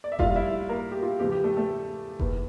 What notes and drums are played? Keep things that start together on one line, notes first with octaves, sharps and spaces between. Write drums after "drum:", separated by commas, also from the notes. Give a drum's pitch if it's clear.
D5
E5
A#1 A2 G3 A#3 F4 F5, drum: kick F1
E4 E5
A#3 A#4
G4
F4
E2 C#3 F3 A3 G4
G4
A3 A4
A3 A4
E2 E3 A#3, drum: kick F1